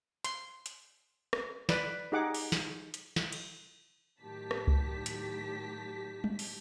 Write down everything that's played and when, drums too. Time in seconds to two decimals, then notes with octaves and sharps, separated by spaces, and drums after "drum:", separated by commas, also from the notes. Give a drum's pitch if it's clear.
0.24 C6, drum: hi-hat
0.66 drum: hi-hat
1.33 drum: rim click
1.69 B4 D5, drum: snare
2.12 D#4 G4 G#4 F#5 D6
2.34 drum: open hi-hat
2.52 drum: snare
2.94 drum: hi-hat
3.16 drum: snare
3.32 drum: cymbal
4.22 A2 D#3 F#3 G4 A5 B6
4.51 drum: rim click
4.67 drum: kick C#2
5.06 drum: hi-hat
6.24 drum: tom G3
6.39 drum: open hi-hat